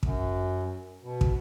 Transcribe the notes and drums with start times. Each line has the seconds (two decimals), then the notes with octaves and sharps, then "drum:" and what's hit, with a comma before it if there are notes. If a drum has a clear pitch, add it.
0.03 F#2, drum: kick
1.03 B2
1.21 drum: kick